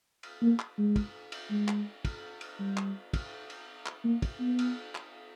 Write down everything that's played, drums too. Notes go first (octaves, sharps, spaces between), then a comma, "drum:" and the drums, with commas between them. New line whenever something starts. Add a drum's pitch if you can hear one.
drum: cymbal
A#3
drum: clap
G#3
drum: kick, cymbal
drum: cymbal
G#3
drum: clap
drum: kick, cymbal
drum: cymbal
G3
drum: clap
drum: kick, cymbal
drum: cymbal
drum: clap
A#3
drum: kick, cymbal
B3
drum: cymbal
drum: clap